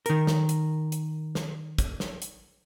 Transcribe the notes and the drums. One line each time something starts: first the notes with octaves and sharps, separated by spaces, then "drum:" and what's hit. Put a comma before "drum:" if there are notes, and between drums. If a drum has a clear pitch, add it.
D#3 A#4, drum: hi-hat
drum: snare
drum: hi-hat
drum: hi-hat
drum: snare
drum: kick, hi-hat
drum: snare
drum: hi-hat